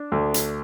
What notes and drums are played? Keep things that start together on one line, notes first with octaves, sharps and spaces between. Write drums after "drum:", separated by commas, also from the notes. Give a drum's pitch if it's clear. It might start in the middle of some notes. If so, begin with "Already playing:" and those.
Already playing: D4
D2
drum: hi-hat